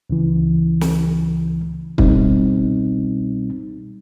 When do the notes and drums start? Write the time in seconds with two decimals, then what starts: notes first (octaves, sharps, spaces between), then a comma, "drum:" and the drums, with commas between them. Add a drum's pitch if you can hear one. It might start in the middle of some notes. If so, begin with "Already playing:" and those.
0.10 C#2 C#3 E3
0.81 drum: snare
1.98 C2 B2 G3 C4 D#4, drum: kick